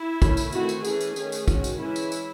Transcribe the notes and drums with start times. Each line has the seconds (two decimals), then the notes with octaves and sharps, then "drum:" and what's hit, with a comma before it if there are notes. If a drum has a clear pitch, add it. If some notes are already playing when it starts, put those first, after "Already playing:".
Already playing: E4
0.22 D#3 A3 C#4, drum: kick, tambourine
0.37 drum: tambourine
0.52 D#3 A3 C4 F#4, drum: tambourine
0.69 drum: tambourine
0.85 E3 A3 C#4 G#4, drum: tambourine
1.01 drum: tambourine
1.16 D#3 A3 C#4 G#4, drum: tambourine
1.32 drum: tambourine
1.48 D#3 G#3 C#4 F#4, drum: kick, tambourine
1.64 drum: tambourine
1.79 E3 G#3 C#4 E4
1.96 drum: tambourine
2.12 drum: tambourine